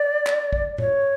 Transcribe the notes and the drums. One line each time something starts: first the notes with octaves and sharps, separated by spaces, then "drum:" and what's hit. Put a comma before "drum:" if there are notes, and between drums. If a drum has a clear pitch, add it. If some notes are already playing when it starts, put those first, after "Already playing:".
Already playing: D5
drum: clap
drum: kick
C#5, drum: tom A2